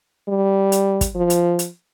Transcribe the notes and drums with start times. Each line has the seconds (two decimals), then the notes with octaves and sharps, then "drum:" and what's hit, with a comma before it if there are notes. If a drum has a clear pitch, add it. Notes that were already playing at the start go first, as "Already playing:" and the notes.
0.29 G3
0.72 drum: hi-hat
1.01 drum: kick, hi-hat
1.15 F3
1.30 drum: hi-hat
1.59 drum: hi-hat